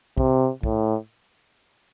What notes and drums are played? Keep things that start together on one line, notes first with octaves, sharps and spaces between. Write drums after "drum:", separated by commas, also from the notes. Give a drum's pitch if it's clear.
C3, drum: kick
A2, drum: kick